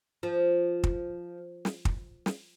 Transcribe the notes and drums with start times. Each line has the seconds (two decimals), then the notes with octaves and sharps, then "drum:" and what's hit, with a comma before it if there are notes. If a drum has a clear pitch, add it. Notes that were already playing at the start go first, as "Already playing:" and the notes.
0.23 F3
0.84 drum: kick
1.65 drum: snare
1.85 drum: kick
2.26 drum: snare